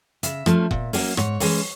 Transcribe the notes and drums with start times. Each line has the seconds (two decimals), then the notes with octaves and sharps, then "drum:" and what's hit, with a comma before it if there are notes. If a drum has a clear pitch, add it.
0.23 C#3 E5, drum: hi-hat
0.46 F3 A3 C#4, drum: rim click
0.71 A#2, drum: kick F1
0.93 F#3 A#3 C#4, drum: open hi-hat
1.17 G#2 C#5, drum: rim click
1.40 E3 G#3 C#4, drum: open hi-hat